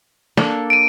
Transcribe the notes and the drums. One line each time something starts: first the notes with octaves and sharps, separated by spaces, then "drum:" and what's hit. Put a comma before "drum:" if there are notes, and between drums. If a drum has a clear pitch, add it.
A#3 D4 A4, drum: snare
D7 D#7